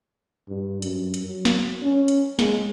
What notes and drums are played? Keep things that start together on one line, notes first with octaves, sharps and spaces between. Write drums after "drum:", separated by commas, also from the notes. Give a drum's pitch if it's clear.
G2
F#2, drum: hi-hat
drum: hi-hat
F#3
drum: snare
C#4
drum: hi-hat
G#3, drum: snare